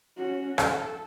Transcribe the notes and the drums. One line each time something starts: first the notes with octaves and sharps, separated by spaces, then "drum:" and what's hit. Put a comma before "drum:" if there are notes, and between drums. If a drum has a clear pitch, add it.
C#4 F#4
A4, drum: rim click